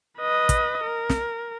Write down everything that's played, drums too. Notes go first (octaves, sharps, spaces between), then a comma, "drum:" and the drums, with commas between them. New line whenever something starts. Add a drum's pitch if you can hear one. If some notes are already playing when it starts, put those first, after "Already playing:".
B4 D#5
drum: kick, hi-hat
A#4
drum: snare